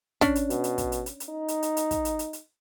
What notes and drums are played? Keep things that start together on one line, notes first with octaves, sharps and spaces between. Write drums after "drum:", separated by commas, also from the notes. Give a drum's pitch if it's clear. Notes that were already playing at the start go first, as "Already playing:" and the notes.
C#4 D4, drum: kick, hi-hat
drum: hi-hat
B2, drum: hi-hat
drum: hi-hat
drum: kick, hi-hat
drum: hi-hat
drum: hi-hat
drum: hi-hat
D#4
drum: hi-hat
drum: hi-hat
drum: hi-hat
drum: kick, hi-hat
drum: hi-hat
drum: hi-hat
drum: hi-hat